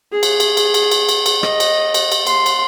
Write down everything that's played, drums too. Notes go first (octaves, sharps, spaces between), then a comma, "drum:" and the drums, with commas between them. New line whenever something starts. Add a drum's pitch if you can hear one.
G#4
drum: cymbal
drum: cymbal
drum: cymbal
drum: cymbal
drum: cymbal
drum: cymbal
drum: cymbal
D#5, drum: rim click
drum: cymbal
drum: cymbal
drum: cymbal
C6, drum: cymbal
drum: cymbal